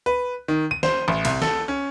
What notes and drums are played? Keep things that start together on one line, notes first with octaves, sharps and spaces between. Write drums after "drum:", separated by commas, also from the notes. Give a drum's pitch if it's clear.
B4
D#3
D#7
C5, drum: snare
A1
C2, drum: cymbal
A4, drum: snare
C#4